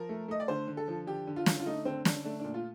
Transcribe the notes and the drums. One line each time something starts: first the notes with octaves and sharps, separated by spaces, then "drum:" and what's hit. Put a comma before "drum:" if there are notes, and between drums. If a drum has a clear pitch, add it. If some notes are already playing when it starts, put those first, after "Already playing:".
Already playing: F3 A#4
A3
A3 D#5
D5
D3 C5
D3
A4
F3
D3 G4
D3
F4
D3, drum: snare
F4
A3 D#4
D3 C4
D3 D4, drum: snare
A3 D4
A#2 D4
F4